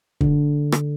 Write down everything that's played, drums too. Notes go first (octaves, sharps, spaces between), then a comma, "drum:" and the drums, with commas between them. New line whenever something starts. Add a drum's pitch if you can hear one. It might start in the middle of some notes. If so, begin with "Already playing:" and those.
D3, drum: kick
drum: rim click